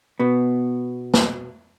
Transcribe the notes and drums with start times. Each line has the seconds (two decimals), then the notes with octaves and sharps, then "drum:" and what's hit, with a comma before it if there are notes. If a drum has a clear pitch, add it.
0.19 B2 B3
1.14 drum: snare